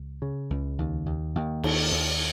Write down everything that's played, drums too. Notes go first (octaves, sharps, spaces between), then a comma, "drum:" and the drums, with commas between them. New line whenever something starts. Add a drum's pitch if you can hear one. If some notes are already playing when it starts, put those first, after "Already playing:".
Already playing: C#2
C#3
C#2
D#2
D#2
D#2
D#2, drum: cymbal
D#2